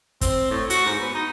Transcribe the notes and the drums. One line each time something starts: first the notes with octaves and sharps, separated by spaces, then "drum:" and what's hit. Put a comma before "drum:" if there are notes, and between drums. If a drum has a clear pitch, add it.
C4, drum: kick, hi-hat
A2
F#4, drum: hi-hat
G#2
B3
D#4